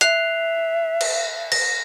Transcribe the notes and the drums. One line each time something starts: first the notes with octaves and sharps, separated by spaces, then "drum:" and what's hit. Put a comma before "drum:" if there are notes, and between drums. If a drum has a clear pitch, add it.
E5 F#6 C7 F7, drum: hi-hat
drum: cymbal
A#6, drum: cymbal